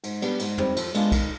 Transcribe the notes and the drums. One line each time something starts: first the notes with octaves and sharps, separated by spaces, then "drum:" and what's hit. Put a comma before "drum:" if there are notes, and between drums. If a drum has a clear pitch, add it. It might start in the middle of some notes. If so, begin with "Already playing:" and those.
G#2, drum: cymbal
G3 B3 D4 G4, drum: cymbal
G#2, drum: cymbal
D#3 G3 C4, drum: tom
F3, drum: cymbal
G#3 B3 D4 F4, drum: cymbal
D#3, drum: kick, cymbal